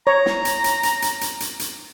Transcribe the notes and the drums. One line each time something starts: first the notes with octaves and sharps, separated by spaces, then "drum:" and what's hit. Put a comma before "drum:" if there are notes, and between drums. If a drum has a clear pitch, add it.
C#5 A#5
drum: snare
drum: hi-hat
drum: hi-hat
drum: hi-hat
drum: hi-hat
drum: hi-hat
drum: hi-hat
drum: hi-hat